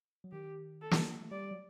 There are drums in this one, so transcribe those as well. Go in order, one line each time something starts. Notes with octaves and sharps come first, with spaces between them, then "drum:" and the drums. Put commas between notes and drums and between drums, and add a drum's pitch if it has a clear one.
F#3
D#3 G4
A4
drum: snare
A3
G3 D5
F#3